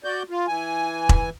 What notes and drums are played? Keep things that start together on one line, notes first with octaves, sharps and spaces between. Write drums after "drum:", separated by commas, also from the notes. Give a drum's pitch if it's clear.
F#4 D5 G6
F4
E3 G#5
drum: kick E1